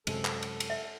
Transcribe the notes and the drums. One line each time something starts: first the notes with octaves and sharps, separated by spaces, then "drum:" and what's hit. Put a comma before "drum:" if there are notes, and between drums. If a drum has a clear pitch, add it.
F#2 C3 G#3 A4, drum: cymbal
drum: clap
drum: cymbal
drum: cymbal
E5